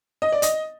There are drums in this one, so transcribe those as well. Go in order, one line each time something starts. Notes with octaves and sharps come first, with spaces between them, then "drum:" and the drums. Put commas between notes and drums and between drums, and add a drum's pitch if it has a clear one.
D#5
D5
D#5, drum: hi-hat